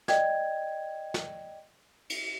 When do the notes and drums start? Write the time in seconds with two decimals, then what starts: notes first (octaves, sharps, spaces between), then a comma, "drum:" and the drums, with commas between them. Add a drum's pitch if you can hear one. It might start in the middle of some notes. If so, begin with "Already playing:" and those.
0.08 D5 D#5 G5 G#6, drum: snare
1.14 drum: snare
2.10 drum: cymbal